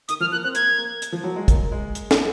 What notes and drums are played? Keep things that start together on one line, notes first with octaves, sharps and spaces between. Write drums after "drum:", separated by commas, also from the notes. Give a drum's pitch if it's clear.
D#3 D#6, drum: hi-hat
F3 F6
A#3 F#6
C4 F#6
A#3 G#6, drum: hi-hat
A#3
drum: hi-hat
F3
F#3
G#3
A#3, drum: kick, hi-hat
G#3
drum: hi-hat
drum: snare